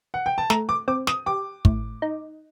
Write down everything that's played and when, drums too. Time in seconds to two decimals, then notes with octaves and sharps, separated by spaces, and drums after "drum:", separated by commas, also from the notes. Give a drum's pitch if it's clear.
0.14 F#5
0.26 G5
0.38 A5
0.50 A3 A#5, drum: snare
0.69 D6
0.88 C4 D6
1.07 D#6, drum: snare
1.26 G4 D6
1.65 A2, drum: kick
2.02 D#4